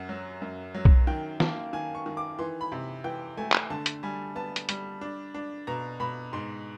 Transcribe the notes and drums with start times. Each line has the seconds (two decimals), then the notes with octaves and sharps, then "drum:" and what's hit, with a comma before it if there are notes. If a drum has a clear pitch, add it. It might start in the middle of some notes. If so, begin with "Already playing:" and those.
Already playing: F#2 F#5
0.09 F#3
0.42 F#2
0.75 F#3
0.85 drum: kick B1
1.07 D#3 G5
1.40 A#3 A5, drum: snare
1.73 D#3 G#5
1.95 C#6
2.06 D#3
2.17 D6
2.39 E3 C6
2.61 B5
2.72 C3
3.04 E3 G5
3.37 A3 G#5
3.52 drum: clap
3.70 D3 A5
3.86 drum: hi-hat
4.03 G3 G#5
4.35 B3 A5
4.56 drum: hi-hat
4.69 G3, drum: hi-hat
5.01 D4
5.34 D4
5.67 B2 A#5
6.00 B2 B5
6.33 G#2 C6